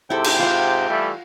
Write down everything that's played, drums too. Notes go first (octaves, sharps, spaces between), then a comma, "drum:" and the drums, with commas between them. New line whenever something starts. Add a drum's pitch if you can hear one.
G#2 C3 E4 A4 G5
drum: cymbal
F4 F#5
E3 G3 A3